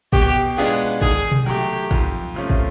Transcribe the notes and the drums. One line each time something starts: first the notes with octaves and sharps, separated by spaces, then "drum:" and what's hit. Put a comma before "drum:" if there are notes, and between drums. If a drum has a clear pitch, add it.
B2 G4, drum: kick
G#3 B3 D4 F4 G#4
D#3 G#4, drum: kick
drum: tom B2
F#3 A3 G4
F2, drum: kick
C3 F3 A3 C#4
drum: kick